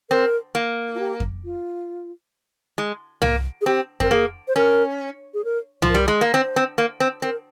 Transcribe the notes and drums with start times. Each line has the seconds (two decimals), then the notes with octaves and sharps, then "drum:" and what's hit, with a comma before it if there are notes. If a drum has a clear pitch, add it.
0.10 C4 A#4
0.55 A#3
0.95 F4
0.99 G4
1.20 drum: kick F2
1.45 F4
2.78 G#3
3.22 A#3, drum: tom C2
3.61 G#4
3.66 C4 G4
4.00 C4 A#4, drum: kick F2
4.11 A#3 G#4
4.48 C5
4.56 C#4 A#4
5.34 G#4
5.44 A#4
5.82 F3, drum: tom C2
5.89 A#4
5.94 G3
6.08 G#3
6.21 A#3
6.33 C4 C5
6.56 C4
6.78 A#3
7.00 C4
7.22 C4 A#4